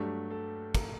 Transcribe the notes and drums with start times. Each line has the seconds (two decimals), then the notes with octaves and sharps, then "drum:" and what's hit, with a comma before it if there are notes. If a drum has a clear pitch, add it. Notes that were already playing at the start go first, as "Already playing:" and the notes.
Already playing: G2 F#3 A3 D4 G4
0.30 A4
0.75 A#4, drum: kick, cymbal